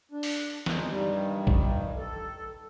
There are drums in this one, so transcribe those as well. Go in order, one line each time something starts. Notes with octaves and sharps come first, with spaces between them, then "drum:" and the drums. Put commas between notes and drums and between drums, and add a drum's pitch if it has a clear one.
D4
drum: open hi-hat
G#3 D#4, drum: snare
G2 D#3 G3
drum: kick
A4